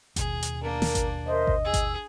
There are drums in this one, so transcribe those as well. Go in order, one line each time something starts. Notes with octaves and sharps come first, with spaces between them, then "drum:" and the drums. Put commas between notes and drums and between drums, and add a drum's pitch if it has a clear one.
D#2 B2 G#4, drum: kick G#1, hi-hat
drum: hi-hat
A#3 D4 A#4
drum: snare
drum: kick G#1, hi-hat
A#4 C5 D#5 E5
drum: kick G#1
G#4 E6
drum: kick G#1, hi-hat